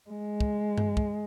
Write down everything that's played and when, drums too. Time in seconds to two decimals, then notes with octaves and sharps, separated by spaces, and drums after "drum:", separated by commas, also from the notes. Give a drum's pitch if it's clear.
0.11 G#3
0.40 drum: kick
0.78 drum: tom G2
0.97 drum: kick